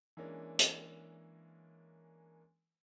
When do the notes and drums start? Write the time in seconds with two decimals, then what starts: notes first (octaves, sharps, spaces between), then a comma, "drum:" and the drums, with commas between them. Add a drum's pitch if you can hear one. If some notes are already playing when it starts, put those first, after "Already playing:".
0.17 E3 G#3 A#3 C#4 D4
0.59 drum: hi-hat